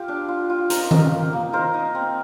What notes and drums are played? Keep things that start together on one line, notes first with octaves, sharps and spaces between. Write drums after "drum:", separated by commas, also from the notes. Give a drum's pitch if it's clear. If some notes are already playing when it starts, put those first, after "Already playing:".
Already playing: F4 G4
D4
F4
F4
D#4 A#4 C5, drum: hi-hat
D#4, drum: tom D#3
A#3
A#3
D#4 A#4 C5
D#4
C4